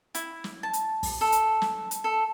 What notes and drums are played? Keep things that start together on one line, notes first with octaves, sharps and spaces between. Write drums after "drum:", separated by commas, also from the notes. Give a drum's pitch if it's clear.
E4, drum: hi-hat
drum: snare
A5
drum: hi-hat
drum: kick, open hi-hat
A4
drum: hi-hat
drum: snare
drum: hi-hat
A4